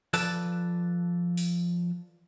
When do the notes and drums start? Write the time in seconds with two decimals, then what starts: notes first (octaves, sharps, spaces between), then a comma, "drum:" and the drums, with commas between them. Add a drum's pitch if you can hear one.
0.14 F3 A4 B4 D5 A5, drum: open hi-hat
1.37 drum: open hi-hat